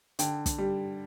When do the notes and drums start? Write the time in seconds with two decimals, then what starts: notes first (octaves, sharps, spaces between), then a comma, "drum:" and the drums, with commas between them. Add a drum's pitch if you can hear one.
0.19 D3 G5, drum: hi-hat
0.46 drum: kick, hi-hat
0.58 G3